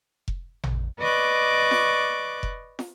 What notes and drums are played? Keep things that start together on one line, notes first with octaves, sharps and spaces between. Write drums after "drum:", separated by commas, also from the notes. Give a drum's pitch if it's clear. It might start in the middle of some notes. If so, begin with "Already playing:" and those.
drum: kick F1
drum: tom A1
B4 D5 D#5 C#6 D6 F#6
drum: snare
drum: kick F1
drum: snare